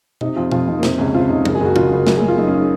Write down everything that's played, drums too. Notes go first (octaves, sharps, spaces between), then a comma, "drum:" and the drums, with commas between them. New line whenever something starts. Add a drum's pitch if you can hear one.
C3 D#4, drum: tom B2
F2 F4
F2 F4, drum: tom B2
F2 D#4
A#3
C3 C4, drum: snare
C#2 C#4
C3 F4
C#2 D#4
F#1, drum: tom
G#4
F#1 F#4
C#3 F4, drum: tom
F#1
F#2 F#4, drum: snare
G#4
F#2
F4
F#2 D#4
C#4
D#4